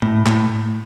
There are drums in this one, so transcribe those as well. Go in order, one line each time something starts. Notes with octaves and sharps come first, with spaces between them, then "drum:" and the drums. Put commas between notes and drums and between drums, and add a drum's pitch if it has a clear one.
A2, drum: tom G#2
A2, drum: clap